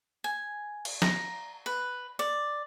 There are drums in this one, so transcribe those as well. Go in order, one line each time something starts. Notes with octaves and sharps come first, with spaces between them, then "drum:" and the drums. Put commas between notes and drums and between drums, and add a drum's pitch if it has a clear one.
G#5
drum: cymbal
A#5, drum: snare
B4
D5